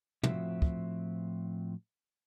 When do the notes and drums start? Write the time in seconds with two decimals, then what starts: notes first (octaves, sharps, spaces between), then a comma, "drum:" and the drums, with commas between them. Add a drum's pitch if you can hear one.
0.23 A2 F3 C4 F#4 E5, drum: tom
0.62 drum: kick